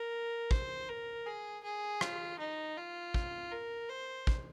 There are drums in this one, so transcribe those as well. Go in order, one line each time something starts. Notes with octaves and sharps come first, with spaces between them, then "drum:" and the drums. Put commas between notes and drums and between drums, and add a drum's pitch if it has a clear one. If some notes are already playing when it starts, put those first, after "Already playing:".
Already playing: A#4
C5, drum: kick
A#4
G#4
G#4
F4, drum: rim click
D#4
F4
drum: kick
A#4
C5
drum: kick